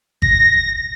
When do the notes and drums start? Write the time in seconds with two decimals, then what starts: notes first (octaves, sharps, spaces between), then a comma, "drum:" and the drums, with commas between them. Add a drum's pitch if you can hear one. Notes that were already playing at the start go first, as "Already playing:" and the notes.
0.22 A#6, drum: kick G#1